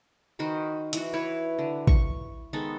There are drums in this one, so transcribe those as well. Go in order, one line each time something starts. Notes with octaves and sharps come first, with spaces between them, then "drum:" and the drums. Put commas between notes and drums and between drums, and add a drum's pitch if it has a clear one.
D#3 F#4 C5 B5
E3 F#4, drum: hi-hat
E4 B4 C#5
D3
C#6, drum: kick
D#3 G#3 B3 A4